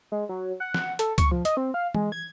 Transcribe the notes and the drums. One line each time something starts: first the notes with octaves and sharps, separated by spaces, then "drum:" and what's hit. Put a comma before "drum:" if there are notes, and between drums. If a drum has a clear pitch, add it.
G#3
F#3
F#5
F#5, drum: snare
A4, drum: hi-hat
C#6, drum: kick, hi-hat
F3
D#5, drum: hi-hat
C4
F5
G#3, drum: tom E3
G#6